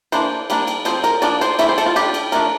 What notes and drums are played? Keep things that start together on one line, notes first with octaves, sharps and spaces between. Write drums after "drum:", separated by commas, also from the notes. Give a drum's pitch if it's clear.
E3 A#3 D4 C5, drum: cymbal
G3 A#3 D4, drum: cymbal
drum: cymbal
F3 C4 C5, drum: cymbal
A#4, drum: cymbal
F3 A#3 D4 D5, drum: cymbal
C5, drum: cymbal
E3 G3 C4 E5, drum: cymbal
C5
A4, drum: cymbal
F4
G3 D4 G4, drum: cymbal
drum: cymbal
F3 A3 D4 A#4, drum: cymbal